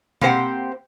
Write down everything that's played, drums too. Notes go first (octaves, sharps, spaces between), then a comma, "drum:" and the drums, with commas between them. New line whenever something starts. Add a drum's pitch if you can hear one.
A#3 C4 G4 C5 F#5 G5, drum: tom B2